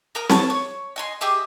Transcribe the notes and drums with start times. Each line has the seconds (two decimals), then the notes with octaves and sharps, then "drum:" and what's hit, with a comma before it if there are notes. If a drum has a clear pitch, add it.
0.15 A#4 A#5 D#6
0.30 C#5 A5, drum: snare C4
0.50 C#5
0.96 D#5 G#5 C6
1.21 G4 G#4 D#5 E5